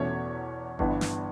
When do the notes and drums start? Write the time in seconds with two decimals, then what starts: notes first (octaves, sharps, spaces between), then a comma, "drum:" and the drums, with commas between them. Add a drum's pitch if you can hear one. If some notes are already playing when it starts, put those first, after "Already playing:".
Already playing: E2 B2 A3 C#4 C#5
0.79 G1 G2 E3 B3, drum: kick G1
1.01 drum: snare